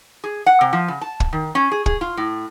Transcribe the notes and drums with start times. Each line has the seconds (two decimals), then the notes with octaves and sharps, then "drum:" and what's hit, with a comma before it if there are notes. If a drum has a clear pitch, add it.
0.24 G#4
0.46 F#5
0.61 C3
0.73 F3
0.88 C#3
1.01 A5
1.20 drum: kick
1.33 D#3
1.55 C#4
1.71 G#4
1.86 G#4, drum: kick
2.01 F4
2.17 A2